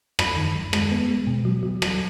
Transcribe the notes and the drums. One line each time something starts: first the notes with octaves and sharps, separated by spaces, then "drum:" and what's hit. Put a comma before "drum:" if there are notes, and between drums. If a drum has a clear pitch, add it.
F#2 B5, drum: rim click
D#3
F#2
G#3, drum: rim click
B3
G#3
B2
F#3
F#3
F#3, drum: rim click